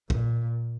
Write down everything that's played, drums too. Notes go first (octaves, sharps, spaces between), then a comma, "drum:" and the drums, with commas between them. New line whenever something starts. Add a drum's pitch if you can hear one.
A#2, drum: kick